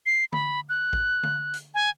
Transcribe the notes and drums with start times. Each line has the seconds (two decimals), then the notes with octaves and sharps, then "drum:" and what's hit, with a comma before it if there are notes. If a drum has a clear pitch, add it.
0.06 C7
0.32 B5, drum: tom D3
0.69 F#6
0.93 drum: kick
1.23 drum: tom D3
1.54 drum: hi-hat
1.74 G#5